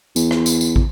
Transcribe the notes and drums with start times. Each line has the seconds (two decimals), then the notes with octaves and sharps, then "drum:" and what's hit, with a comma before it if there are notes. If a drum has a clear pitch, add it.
0.16 E2, drum: tambourine
0.31 drum: rim click
0.46 drum: tambourine
0.61 drum: tambourine
0.76 drum: kick